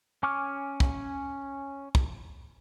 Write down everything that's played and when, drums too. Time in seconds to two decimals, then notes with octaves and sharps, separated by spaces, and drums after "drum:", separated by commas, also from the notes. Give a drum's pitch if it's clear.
0.23 C#4 G#5 C#6 D6 F6
0.80 drum: kick
1.95 drum: kick